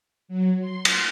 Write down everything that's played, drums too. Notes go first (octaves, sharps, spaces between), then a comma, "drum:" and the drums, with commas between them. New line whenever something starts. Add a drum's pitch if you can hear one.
F#3
C6
drum: cymbal